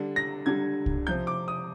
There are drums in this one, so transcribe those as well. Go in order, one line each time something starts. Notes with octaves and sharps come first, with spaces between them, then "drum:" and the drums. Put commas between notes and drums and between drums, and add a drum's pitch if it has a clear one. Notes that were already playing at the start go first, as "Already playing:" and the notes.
Already playing: D3 G3 D4
A#6
D3 G3 D4 G#6
drum: kick C2
C3 F3 C4 G6
D6
D#6